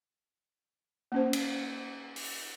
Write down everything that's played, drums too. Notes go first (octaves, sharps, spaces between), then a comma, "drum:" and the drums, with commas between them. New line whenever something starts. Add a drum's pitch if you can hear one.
A#3 C#4 C5
drum: cymbal
drum: open hi-hat